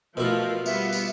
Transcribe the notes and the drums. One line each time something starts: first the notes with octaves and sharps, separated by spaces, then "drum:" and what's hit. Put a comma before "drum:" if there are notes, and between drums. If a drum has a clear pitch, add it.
B2 F3 A3 E4 F4 A#4
G3 B3 F4 E5, drum: tambourine
drum: tambourine